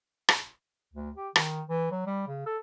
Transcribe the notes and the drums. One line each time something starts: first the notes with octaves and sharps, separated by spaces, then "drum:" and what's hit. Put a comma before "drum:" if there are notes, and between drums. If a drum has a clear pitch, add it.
drum: rim click
D2
G4
D#3, drum: rim click
E3
F#3
G3
C#3
A4